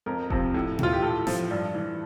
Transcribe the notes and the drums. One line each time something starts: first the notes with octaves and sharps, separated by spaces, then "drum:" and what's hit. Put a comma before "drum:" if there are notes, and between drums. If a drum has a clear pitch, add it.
F2 A#4
C3 F3, drum: kick E1
A2
E3 F4, drum: tom A#2
G4
A2 A4
F3, drum: snare
G2
E3